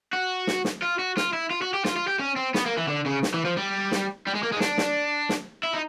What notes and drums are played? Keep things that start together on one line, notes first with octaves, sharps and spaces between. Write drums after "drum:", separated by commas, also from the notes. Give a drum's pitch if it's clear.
F#4
drum: snare
drum: snare
F4
F#4
F4, drum: snare
E4
F4
F#4
G4
F4, drum: snare
F4
G4
C#4
C4
B3, drum: snare
A#3
E3
D3
C#3
drum: snare
E3
F3
G3
drum: snare
G3
G#3
A#3
G#3
D#4
D4, drum: snare
drum: snare
drum: snare
E4
D#4